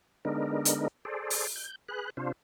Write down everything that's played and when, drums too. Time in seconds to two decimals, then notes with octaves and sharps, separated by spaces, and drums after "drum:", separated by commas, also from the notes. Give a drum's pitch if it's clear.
0.25 D3 G#3 B3 D4 D#4 A#4
0.65 drum: hi-hat
1.05 G#4 A4 C5 D5
1.30 drum: open hi-hat
1.56 G6
1.88 G#4 B4 F#6
2.17 C3 D4 F4 C5